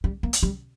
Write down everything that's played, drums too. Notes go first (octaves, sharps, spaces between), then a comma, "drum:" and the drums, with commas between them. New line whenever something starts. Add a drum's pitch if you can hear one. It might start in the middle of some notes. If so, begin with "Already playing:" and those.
G3
A#3
drum: hi-hat
G3